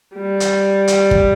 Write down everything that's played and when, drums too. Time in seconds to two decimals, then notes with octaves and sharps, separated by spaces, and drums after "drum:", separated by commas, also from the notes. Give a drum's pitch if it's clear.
0.17 G3
0.40 drum: hi-hat
0.88 drum: hi-hat
1.11 drum: kick